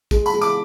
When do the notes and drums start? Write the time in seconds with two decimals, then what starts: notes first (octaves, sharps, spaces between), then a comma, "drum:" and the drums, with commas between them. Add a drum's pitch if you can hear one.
0.11 G#3, drum: kick, tambourine
0.26 B5, drum: tambourine
0.34 G#3
0.42 D6, drum: tambourine